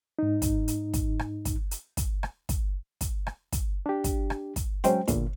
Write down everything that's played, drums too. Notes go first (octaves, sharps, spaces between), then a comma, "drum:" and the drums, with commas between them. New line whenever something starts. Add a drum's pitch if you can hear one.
G#2 D#4
drum: kick, hi-hat
drum: hi-hat
drum: kick, hi-hat
drum: rim click
drum: kick, hi-hat
drum: hi-hat
drum: kick, hi-hat
drum: rim click
drum: kick, hi-hat
drum: kick, hi-hat
drum: rim click
drum: kick, hi-hat
D4 G4
drum: kick, hi-hat
drum: rim click
drum: kick, hi-hat
F#3 G#3 C4 C#4 G5, drum: hi-hat
E2 A#2 D3, drum: kick, hi-hat